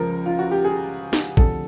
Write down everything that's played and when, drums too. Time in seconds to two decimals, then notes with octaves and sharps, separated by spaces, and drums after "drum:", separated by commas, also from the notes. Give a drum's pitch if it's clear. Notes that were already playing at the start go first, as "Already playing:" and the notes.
Already playing: C#2 C#3 F3 A#4
0.26 F4
0.39 F#4
0.51 G4
0.64 G#4
1.13 drum: snare
1.37 D2 C3 F3 A4, drum: kick